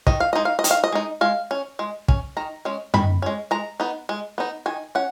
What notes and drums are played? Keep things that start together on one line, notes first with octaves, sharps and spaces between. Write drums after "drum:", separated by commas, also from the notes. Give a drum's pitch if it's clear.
D#3 D#5, drum: kick
F5
G#3 D#4 D#5
F5
D#5
D#3, drum: hi-hat
F5
D#5
G#3 D#4
G#3 F5
C#4
G#3
C#4, drum: kick
D#3 A#5
G#3 C#4
D#3 B5, drum: tom F#2
G#3 C#4
G#3 A#5
B3 D#4
G#3
B3 D#4
D#3 G#5
C#4 F#5